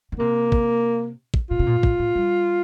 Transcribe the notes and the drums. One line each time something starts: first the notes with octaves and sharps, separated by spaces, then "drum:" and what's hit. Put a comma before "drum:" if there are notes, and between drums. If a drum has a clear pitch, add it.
D3
C3 A#3
drum: kick
drum: kick
A#2 F4
C3
A#2
A2, drum: kick
A2
G3